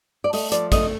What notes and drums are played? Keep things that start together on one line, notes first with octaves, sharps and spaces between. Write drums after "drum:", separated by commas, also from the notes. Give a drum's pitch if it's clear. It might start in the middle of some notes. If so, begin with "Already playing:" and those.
D5
A3 D#5, drum: open hi-hat
F3 D5, drum: hi-hat
A3 D#5, drum: kick, hi-hat